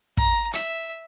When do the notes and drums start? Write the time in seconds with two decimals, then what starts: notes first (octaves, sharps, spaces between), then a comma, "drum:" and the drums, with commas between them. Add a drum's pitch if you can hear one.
0.17 A#5, drum: kick
0.53 E5, drum: hi-hat